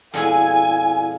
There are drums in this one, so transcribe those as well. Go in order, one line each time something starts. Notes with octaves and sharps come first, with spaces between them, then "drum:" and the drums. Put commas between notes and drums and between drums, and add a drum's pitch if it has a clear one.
F2 B2 G#3 E4 D5 F#5 G#5, drum: hi-hat